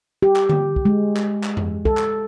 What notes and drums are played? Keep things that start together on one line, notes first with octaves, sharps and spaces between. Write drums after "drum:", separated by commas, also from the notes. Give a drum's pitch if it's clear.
G4
drum: clap
drum: tom D3
drum: kick
G#3
drum: clap
drum: clap
drum: tom F2
A4, drum: kick
drum: clap